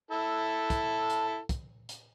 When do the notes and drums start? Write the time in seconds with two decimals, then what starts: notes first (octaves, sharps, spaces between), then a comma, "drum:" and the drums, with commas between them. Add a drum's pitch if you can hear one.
0.11 E4 A4
0.70 drum: kick, hi-hat
1.10 drum: hi-hat
1.49 drum: kick, hi-hat
1.89 drum: hi-hat